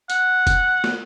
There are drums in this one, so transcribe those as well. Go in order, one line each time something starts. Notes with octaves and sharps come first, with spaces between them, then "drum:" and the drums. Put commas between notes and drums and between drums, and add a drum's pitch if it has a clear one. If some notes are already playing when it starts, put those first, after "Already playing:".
F#5, drum: hi-hat
drum: kick F1, hi-hat
drum: snare